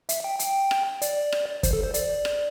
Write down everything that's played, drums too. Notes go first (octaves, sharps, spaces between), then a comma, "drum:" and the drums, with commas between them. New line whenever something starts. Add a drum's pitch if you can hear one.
E5, drum: hi-hat
G5
G5, drum: hi-hat
drum: rim click
D5, drum: hi-hat
drum: rim click
C5, drum: kick, hi-hat
A4
C5
D5, drum: hi-hat
drum: rim click